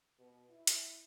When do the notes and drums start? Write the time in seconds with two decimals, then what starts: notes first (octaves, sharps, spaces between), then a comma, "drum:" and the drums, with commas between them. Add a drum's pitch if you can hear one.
0.19 B2
0.50 E4
0.67 drum: hi-hat